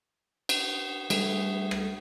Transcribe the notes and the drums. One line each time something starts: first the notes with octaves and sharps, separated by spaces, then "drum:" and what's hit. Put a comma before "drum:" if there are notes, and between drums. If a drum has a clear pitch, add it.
drum: cymbal
G3 A3 G#4 A4 B4 E5, drum: cymbal
drum: rim click